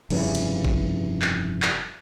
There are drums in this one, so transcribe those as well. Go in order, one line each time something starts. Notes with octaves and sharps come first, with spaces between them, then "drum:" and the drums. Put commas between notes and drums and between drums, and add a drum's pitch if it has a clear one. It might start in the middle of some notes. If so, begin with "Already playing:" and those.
F1 G2 C#3 E3, drum: cymbal
drum: cymbal
drum: kick
drum: clap
drum: clap